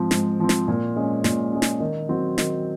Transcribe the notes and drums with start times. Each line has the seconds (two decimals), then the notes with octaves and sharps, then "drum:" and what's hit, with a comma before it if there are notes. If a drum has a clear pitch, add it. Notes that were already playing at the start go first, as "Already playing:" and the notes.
Already playing: G#2 F3 C4
0.11 G#2, drum: snare
0.40 F3 C4
0.49 drum: snare
0.68 A#2
0.96 G#3 C#4
1.24 A#2, drum: snare
1.52 G#3 C#4
1.62 drum: snare
1.80 D#3
2.09 F#3 C4 F#4
2.38 D#3, drum: snare